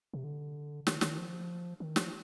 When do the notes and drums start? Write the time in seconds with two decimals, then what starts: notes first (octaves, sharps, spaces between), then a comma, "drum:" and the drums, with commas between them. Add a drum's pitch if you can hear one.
0.13 C3
0.24 D3
0.87 D#3, drum: snare
1.01 D#3, drum: snare
1.18 F3
1.80 D#3
1.96 F3, drum: snare